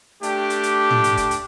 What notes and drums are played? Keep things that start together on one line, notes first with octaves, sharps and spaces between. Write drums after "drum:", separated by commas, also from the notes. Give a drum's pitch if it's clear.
A3 D4 G4, drum: hi-hat
drum: hi-hat
drum: hi-hat
drum: tom
drum: hi-hat
drum: kick, hi-hat
drum: hi-hat